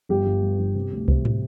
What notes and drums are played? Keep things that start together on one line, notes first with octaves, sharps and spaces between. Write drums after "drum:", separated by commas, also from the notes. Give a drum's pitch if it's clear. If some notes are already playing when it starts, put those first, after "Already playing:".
G1 G4
G1
G2
G1
C3
D2
C3, drum: kick C2
drum: tom